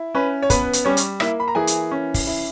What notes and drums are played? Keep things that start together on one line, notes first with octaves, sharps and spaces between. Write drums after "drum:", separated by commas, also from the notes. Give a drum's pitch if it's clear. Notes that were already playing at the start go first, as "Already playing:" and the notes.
Already playing: E4
C#4 B4
C#5
B3 B4, drum: kick, hi-hat
drum: hi-hat
G3 C#4 C#5
drum: hi-hat
A#3 E4 E5, drum: rim click
B5
A#5
E3 G#4 G#5
drum: hi-hat
C#4
drum: kick, open hi-hat
E4